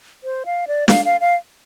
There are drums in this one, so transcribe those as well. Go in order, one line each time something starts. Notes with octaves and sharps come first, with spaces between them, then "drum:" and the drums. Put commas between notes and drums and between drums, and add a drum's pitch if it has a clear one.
C5
F5
D5
F5, drum: snare
F5
F5